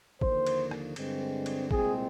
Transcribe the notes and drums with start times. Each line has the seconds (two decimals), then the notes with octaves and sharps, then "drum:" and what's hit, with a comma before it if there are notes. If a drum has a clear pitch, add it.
0.21 D#2 D3 F3 A#3 C5, drum: kick
0.46 drum: cymbal
0.71 drum: rim click
0.96 G2 D3 G#3 C4, drum: cymbal
1.46 drum: cymbal
1.71 C2 A#2 G#3 C4 G#4, drum: kick